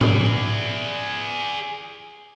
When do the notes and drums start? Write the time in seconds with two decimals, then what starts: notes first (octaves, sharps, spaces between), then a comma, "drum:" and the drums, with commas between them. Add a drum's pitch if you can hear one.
0.01 G#4 D5, drum: tom G#2